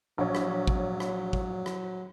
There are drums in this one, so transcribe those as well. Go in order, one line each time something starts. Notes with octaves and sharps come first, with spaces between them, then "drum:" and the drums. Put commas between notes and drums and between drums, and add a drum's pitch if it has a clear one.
A#1 F#3 C#5
drum: rim click
drum: kick
drum: rim click
drum: kick
drum: rim click